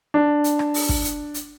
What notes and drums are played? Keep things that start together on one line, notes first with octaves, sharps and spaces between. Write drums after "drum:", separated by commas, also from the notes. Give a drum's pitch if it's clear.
D4
drum: hi-hat
drum: rim click
drum: open hi-hat
drum: kick
drum: hi-hat
drum: hi-hat